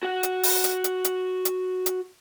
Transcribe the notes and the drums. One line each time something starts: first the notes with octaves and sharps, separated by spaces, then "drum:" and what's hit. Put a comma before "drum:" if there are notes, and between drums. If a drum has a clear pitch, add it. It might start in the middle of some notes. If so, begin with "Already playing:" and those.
F#4 F#5
drum: hi-hat
drum: open hi-hat
drum: hi-hat
drum: hi-hat
drum: hi-hat
drum: hi-hat
drum: hi-hat